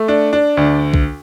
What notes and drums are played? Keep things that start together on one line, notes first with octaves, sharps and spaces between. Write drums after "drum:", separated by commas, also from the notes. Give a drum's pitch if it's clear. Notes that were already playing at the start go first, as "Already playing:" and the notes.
Already playing: A3
D4
D4
D2
drum: kick